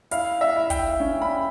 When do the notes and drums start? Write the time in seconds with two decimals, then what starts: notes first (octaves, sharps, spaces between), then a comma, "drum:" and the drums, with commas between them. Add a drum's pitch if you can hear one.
0.11 E4 F5, drum: hi-hat
0.41 E5
0.56 E4
0.70 G5, drum: kick, hi-hat
1.00 C#4
1.22 B5